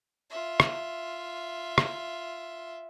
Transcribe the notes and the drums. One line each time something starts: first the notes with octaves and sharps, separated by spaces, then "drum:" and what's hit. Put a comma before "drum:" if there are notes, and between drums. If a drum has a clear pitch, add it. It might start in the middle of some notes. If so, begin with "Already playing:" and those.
F4 E5
drum: rim click
drum: rim click